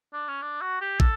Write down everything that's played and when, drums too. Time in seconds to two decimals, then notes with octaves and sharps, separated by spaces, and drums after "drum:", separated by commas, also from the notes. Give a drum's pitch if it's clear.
0.14 D4
0.28 C#4
0.42 D4
0.62 F#4
0.81 G4
1.00 A4, drum: kick